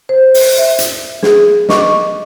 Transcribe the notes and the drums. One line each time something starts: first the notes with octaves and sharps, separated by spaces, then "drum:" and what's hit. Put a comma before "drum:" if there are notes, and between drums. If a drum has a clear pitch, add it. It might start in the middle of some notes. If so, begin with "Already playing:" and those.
C5
drum: open hi-hat
E5
drum: hi-hat
G#4, drum: snare
D#5 C#6 D6, drum: snare